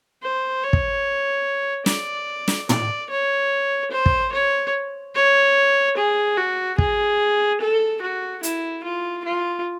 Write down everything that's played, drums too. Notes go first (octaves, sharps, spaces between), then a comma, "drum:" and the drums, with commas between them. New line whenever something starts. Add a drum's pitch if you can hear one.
C5
C#5
drum: kick
D5, drum: snare
drum: snare
D5, drum: tom
C#5
C5
drum: kick
C#5
C#5
G#4
F#4
G#4, drum: kick
A4
F#4
E4, drum: hi-hat
F4
F4